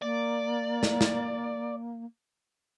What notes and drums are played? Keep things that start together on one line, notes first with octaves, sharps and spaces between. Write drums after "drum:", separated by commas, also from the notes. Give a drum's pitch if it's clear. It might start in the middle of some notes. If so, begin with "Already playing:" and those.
A#3 D5
drum: snare
drum: snare